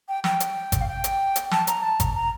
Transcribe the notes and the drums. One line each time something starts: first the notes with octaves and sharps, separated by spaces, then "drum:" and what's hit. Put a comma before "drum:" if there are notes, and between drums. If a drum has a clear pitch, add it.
G5
G5, drum: snare
drum: hi-hat
drum: kick G#1, hi-hat
F5
G5
drum: hi-hat
drum: hi-hat
A5, drum: snare
A#5, drum: hi-hat
A5
A#5, drum: kick G#1, hi-hat
A#5